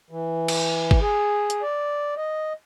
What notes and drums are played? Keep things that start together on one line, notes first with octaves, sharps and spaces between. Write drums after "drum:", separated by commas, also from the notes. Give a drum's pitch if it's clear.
E3
drum: cymbal
drum: kick
G#4
drum: hi-hat
D5
D#5